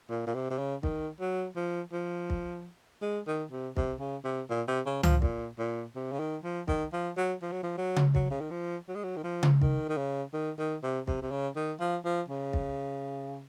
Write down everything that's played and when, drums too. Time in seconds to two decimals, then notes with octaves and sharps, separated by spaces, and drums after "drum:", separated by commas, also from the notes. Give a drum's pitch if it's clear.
0.10 A#2
0.27 A#2
0.35 C3
0.51 C3
0.59 C#3
0.83 D#3, drum: kick
1.21 F#3
1.56 F3
1.93 F3
2.30 drum: kick
3.02 G#3
3.27 D#3
3.52 C3
3.77 C3, drum: kick
4.00 C#3
4.25 C3
4.50 A#2
4.68 C3
4.86 C#3
5.03 F3, drum: tom C#2
5.22 A#2, drum: kick
5.59 A#2
5.96 C3
6.12 C#3
6.20 D#3
6.44 F3
6.68 D#3, drum: kick
6.93 F3
7.17 F#3
7.42 F3
7.52 F#3
7.63 F3
7.78 F#3
7.96 drum: tom C#3
8.15 F#3, drum: kick
8.31 C#3
8.41 D#3
8.51 F3
8.88 F#3
8.96 G#3
9.04 F#3
9.17 D#3
9.24 F3
9.43 drum: tom C#3
9.61 D#3, drum: kick
9.89 D#3
9.98 C#3
10.34 D#3
10.59 D#3
10.83 C3
11.07 C3, drum: kick
11.22 C3
11.31 C#3
11.56 D#3
11.80 F3
12.05 F3
12.29 C#3
12.53 drum: kick